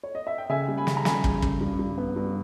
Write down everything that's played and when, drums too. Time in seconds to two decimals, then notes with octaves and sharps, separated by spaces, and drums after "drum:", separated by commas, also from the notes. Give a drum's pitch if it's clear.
0.03 C#5
0.15 D#5
0.27 E5
0.38 G5
0.49 C#3 E5 G#5
0.68 G3
0.78 G#5 B5
0.87 C#3, drum: snare
0.97 A#5
1.05 G3 G#5 B5, drum: snare
1.24 C#3, drum: kick
1.42 C#3, drum: kick
1.61 G2
1.79 G2
1.98 B3
2.16 G2